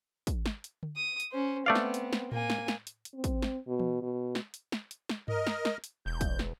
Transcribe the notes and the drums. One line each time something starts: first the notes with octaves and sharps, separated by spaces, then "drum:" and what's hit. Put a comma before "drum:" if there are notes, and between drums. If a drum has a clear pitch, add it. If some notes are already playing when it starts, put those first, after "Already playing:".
drum: kick, hi-hat
drum: snare
drum: hi-hat
drum: tom D3
D#6
drum: hi-hat
C#4 C5
A3 B3 C4 D5 F5
drum: snare
drum: hi-hat
drum: snare
A#3 G#5, drum: tom A2
drum: snare
drum: snare
drum: hi-hat
drum: hi-hat
C4
drum: kick, hi-hat
drum: snare
B2
drum: tom E3
B2
drum: snare
drum: hi-hat
drum: snare
drum: hi-hat
drum: snare
A#4 D#5, drum: tom G2
drum: snare
drum: snare
drum: hi-hat
E1 G6
drum: kick, hi-hat
drum: snare